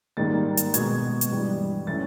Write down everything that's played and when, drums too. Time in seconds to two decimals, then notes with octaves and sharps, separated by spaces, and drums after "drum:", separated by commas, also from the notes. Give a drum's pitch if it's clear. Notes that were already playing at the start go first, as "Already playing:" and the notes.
0.17 G#2 D#3 G3 A#3 A6
0.57 drum: hi-hat
0.74 B2 G#3 B3 G#6, drum: hi-hat
1.21 drum: hi-hat
1.30 G2 E3 G3
1.87 E3 A3 C#4 E4 A6